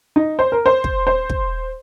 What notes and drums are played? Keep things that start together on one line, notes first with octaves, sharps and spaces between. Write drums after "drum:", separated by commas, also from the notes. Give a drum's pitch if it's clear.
D#4
C5
A#4
C5
drum: kick
C5
drum: kick